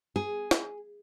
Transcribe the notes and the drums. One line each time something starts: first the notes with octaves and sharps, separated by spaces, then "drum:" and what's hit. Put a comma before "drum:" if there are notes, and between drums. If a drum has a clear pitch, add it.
G#4
drum: snare